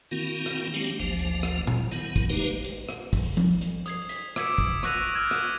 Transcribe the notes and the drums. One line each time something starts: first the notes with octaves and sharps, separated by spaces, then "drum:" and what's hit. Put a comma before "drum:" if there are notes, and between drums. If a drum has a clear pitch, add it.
D#3 A#3 C4 E4 F#4
drum: rim click
F#3 G#3 A#3 C4 D4 G4
G#1 D2 F3 A#3
drum: hi-hat
drum: rim click
drum: tom A#2
D#3 B3 E4, drum: hi-hat
drum: kick, hi-hat
G#3 A#3 D#4 G4 B4
drum: hi-hat
drum: hi-hat
drum: rim click
drum: kick, open hi-hat
drum: tom F3
drum: hi-hat
D#6 G#6 C7, drum: hi-hat
B6, drum: hi-hat
D6 E6 G#6 B6 C#7 D7, drum: rim click
drum: kick
C#6 E6 F#6 A#6 D#7 F7, drum: rim click
C#6 E6 F6 G#6 E7
drum: rim click